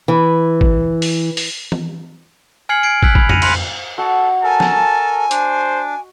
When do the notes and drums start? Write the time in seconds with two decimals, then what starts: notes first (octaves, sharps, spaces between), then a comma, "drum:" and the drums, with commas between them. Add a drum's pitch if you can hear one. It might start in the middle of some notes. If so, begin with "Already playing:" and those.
0.08 E3
0.61 drum: kick
1.02 drum: open hi-hat
1.37 drum: open hi-hat
1.72 drum: tom E3
2.69 G#5 F6 G#6 C7 C#7 F#7
2.83 F6 G#6 C7 D7
3.03 E6 F#6 G#6 B6 F#7, drum: kick
3.15 B5 G#6, drum: kick
3.29 A#6 C#7 D#7 F7, drum: tom F2
3.42 B5 C6 F#6 B6 C#7, drum: cymbal
3.98 F#4 A4 D#5
4.44 A4 A#4 G#5 A5
4.60 drum: snare
5.31 D4 C5 D6, drum: hi-hat